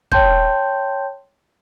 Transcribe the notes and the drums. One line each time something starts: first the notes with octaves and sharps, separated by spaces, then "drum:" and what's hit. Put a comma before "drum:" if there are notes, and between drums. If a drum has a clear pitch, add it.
C#5 G5 A5 C6 G6, drum: kick